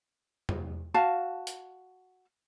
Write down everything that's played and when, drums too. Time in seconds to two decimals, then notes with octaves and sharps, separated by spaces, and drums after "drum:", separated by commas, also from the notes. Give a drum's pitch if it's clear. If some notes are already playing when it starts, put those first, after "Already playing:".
0.49 drum: tom
0.94 F#4 F5 A5
1.47 drum: hi-hat